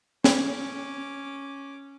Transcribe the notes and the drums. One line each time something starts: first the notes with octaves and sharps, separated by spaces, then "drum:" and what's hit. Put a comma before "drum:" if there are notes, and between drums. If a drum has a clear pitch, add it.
C#4 D6, drum: snare